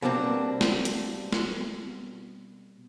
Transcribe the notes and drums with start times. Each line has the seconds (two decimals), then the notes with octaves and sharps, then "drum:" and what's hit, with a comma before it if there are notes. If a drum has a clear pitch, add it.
0.02 B2 G3 A#3 C4 D4
0.61 drum: snare
0.85 drum: hi-hat
1.32 drum: snare